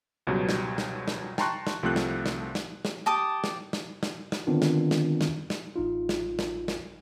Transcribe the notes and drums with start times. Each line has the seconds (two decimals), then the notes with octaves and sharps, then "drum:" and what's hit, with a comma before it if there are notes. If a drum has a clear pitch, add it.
0.27 C#2 G#2 B2 F#3 G3
0.49 drum: snare
0.78 drum: snare
1.08 drum: snare
1.38 G5 A5 A#5 C6 C#6 F#6, drum: snare
1.67 drum: snare
1.83 C2 F3 A3 C4 G4 F#6
1.96 drum: snare
2.26 drum: snare
2.55 drum: snare
2.85 drum: snare
3.06 G4 A5 D6 D#6
3.44 drum: snare
3.73 drum: snare
4.03 drum: snare
4.32 drum: snare
4.47 D3 D#3 B3 C4 D4 F4
4.62 drum: snare
4.91 drum: snare
5.21 drum: snare
5.50 drum: snare
5.75 A1 D#4 F4
6.09 drum: snare
6.39 drum: snare
6.68 drum: snare